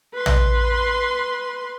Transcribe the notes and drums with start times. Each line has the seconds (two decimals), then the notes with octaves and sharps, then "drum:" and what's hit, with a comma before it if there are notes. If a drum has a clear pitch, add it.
0.14 B4 C6
0.26 drum: tom A#1